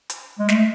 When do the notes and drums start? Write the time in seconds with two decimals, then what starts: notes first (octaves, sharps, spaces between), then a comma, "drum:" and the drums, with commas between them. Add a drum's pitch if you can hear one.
0.10 drum: hi-hat
0.39 G#3
0.49 A3, drum: snare